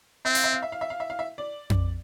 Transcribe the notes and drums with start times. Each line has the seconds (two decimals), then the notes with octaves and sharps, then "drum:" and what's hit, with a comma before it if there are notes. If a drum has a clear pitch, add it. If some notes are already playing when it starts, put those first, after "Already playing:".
0.25 C4 E5
0.35 F5, drum: hi-hat
0.44 E5
0.53 F5
0.63 E5
0.72 F5
0.81 E5
0.90 F5
1.00 E5
1.10 F5
1.19 E5
1.38 D5
1.70 drum: tom F2